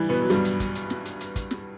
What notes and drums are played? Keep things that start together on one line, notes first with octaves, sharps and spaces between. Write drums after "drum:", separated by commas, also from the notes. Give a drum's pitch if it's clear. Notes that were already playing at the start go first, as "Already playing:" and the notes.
Already playing: E3 G3 E4
B2 B3
F#3
G2 G3, drum: hi-hat
drum: hi-hat
drum: kick, hi-hat
drum: hi-hat
drum: snare
drum: hi-hat
drum: hi-hat
drum: kick, hi-hat
drum: snare